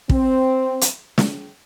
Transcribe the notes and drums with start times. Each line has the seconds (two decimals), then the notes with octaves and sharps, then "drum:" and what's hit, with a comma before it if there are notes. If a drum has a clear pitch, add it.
0.09 C4, drum: kick
0.81 drum: hi-hat
1.18 drum: snare